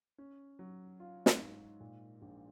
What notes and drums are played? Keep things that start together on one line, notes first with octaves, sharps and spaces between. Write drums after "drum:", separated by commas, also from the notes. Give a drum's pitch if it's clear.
C#4
F#3
F4
drum: snare
G#2
A#2
A#1